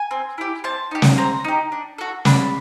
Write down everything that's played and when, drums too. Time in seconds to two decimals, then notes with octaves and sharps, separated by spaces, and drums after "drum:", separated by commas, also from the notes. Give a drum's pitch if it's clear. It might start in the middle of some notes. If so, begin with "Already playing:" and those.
Already playing: G#5
0.11 C4
0.38 E4 G4
0.64 C4 A5
0.91 D#4 G4
1.02 drum: snare
1.18 C4 A#5
1.44 D#4 G4
1.72 D4
1.98 F#4 A4
2.25 D4 B5, drum: snare